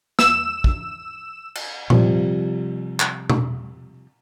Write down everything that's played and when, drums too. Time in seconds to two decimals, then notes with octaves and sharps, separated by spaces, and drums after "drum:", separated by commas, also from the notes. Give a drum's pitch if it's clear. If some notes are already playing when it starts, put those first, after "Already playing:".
0.19 E6 E7, drum: snare
0.64 drum: kick A#1
1.55 drum: cymbal
1.90 C3 F3 G3, drum: tom A#2
3.00 drum: clap
3.30 drum: tom B2